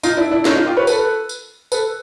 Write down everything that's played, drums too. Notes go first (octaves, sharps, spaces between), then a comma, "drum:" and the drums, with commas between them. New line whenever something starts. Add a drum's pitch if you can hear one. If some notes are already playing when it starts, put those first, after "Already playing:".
D#4 F4, drum: tambourine
D4 E4
D4 E4
C#4 D#4, drum: snare
D#4 F4
F4 G4
B4 C#5
A4 B4, drum: tambourine
drum: tambourine
A4 B4, drum: tambourine